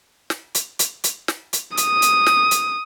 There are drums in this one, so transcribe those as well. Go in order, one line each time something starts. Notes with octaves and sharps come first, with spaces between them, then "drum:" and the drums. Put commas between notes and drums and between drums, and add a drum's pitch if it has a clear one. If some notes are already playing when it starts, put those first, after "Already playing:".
drum: snare
drum: hi-hat
drum: hi-hat
drum: hi-hat
drum: snare
drum: hi-hat
D#6, drum: hi-hat
drum: hi-hat
drum: snare
drum: hi-hat